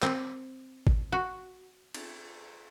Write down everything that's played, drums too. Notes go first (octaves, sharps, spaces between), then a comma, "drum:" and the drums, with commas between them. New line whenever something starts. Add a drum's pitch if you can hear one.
C4, drum: clap
drum: kick G#1
F#4
drum: cymbal